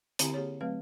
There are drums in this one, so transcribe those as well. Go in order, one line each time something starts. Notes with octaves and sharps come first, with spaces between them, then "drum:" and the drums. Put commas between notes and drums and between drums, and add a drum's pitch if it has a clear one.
D3 C4 E4 G4 G#5 A#5, drum: hi-hat
A#3 G4 G#4 C#5
F#3 A3 C4 B4 F5